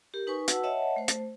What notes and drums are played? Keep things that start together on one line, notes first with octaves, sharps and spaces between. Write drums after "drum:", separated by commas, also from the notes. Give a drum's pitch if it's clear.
G4 A#4
D#4 B4 G#5 C#6
F#4 B4 F#5 A5 E6, drum: hi-hat
C#5 D#5 E5 F#5 A5
A3 C5
drum: hi-hat